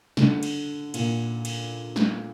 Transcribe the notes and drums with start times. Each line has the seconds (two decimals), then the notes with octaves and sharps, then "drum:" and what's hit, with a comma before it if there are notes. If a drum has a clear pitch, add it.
0.17 D3, drum: snare
0.43 drum: cymbal
0.94 A#2, drum: cymbal
1.45 drum: cymbal
1.96 drum: snare